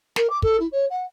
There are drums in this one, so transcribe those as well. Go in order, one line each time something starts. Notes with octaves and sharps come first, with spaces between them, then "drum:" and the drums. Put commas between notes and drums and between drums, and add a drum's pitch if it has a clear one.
A#4, drum: snare
D6
A4, drum: kick
E4
C#5
F#5